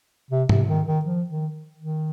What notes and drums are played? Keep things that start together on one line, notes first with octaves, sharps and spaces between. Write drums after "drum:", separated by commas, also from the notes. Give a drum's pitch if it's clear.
C3
C3, drum: tom G#2
D#3
D#3
F3
D#3
D#3